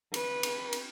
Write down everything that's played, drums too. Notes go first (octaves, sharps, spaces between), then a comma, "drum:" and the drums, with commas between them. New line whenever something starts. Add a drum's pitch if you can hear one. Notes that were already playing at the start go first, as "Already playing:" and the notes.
B4, drum: cymbal
drum: cymbal
drum: cymbal